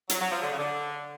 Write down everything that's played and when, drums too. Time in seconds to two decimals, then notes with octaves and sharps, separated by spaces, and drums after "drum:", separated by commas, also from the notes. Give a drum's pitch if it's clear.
0.09 F#3, drum: hi-hat
0.20 F#3
0.31 F3
0.42 D3
0.51 C#3
0.58 D3